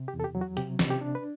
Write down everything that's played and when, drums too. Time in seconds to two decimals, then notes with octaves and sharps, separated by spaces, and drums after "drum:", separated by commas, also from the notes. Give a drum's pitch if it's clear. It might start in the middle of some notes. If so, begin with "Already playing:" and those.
Already playing: C3
0.08 G4
0.14 E2
0.20 A4
0.24 G4
0.35 F#3
0.41 F#4
0.57 C3 G4, drum: hi-hat
0.79 C3, drum: snare
0.90 G4
1.01 D4
1.15 B4